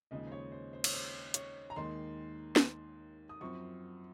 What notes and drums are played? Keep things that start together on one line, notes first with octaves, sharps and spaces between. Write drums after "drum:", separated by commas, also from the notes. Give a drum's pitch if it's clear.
D#2 C#3 F3 G#3 D#4 D#5
C5
C#5
C5
C5
C#5, drum: cymbal
C5
C#5, drum: hi-hat
A#5
D#2 D#3 G#3 C6
drum: snare
D#6
F#2 F3 C4 C#6